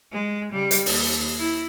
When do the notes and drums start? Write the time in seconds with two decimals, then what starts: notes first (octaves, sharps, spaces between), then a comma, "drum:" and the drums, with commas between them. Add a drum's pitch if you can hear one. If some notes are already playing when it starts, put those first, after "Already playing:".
0.12 G#3
0.52 C#3 G3
0.71 drum: hi-hat
0.86 D#2, drum: open hi-hat
1.39 E4